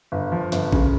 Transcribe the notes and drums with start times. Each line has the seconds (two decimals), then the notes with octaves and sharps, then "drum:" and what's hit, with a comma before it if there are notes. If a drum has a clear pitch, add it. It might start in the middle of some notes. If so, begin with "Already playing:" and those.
0.12 G1
0.32 F3
0.52 G1, drum: snare
0.72 C#3, drum: kick A1